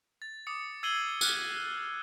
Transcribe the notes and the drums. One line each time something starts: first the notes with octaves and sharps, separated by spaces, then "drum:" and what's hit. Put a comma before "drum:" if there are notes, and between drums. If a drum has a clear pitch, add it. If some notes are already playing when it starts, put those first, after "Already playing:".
A6
D6 D#6 C#7
E6 G#6 C7 D#7 F#7 G7
D6 F6 F#6, drum: tambourine